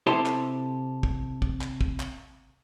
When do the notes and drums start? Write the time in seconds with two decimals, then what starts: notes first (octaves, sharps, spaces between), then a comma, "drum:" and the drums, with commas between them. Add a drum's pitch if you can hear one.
0.07 C3 E4 G4 A4 C5 C6
0.26 drum: clap
1.03 drum: kick
1.42 drum: kick
1.61 drum: clap
1.81 drum: kick
2.00 drum: clap